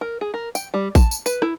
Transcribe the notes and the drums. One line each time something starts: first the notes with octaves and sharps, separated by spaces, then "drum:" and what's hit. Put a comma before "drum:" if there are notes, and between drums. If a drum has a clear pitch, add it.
A#4
G#4
A#4
G5, drum: tambourine
G3
A5, drum: kick A1, tambourine
drum: tambourine
B4, drum: tambourine
E4, drum: rim click